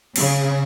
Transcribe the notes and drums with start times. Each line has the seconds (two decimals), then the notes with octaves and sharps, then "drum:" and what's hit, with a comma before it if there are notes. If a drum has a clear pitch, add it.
0.16 C#3, drum: cymbal